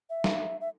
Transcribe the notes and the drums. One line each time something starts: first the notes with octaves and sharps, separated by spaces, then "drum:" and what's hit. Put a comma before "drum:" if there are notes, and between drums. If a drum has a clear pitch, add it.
E5
drum: snare
E5